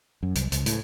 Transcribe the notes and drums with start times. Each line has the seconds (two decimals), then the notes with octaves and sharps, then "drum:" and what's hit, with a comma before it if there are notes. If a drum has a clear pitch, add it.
0.23 F#2
0.35 C2, drum: hi-hat
0.52 C#2, drum: hi-hat
0.66 A2, drum: hi-hat